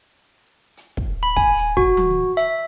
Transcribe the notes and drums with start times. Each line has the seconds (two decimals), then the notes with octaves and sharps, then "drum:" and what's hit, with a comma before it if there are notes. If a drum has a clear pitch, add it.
0.77 drum: hi-hat
0.97 drum: kick
1.23 B5
1.37 G#5, drum: kick
1.57 drum: hi-hat
1.77 F#4, drum: kick
1.97 drum: tom E3
2.37 E5, drum: hi-hat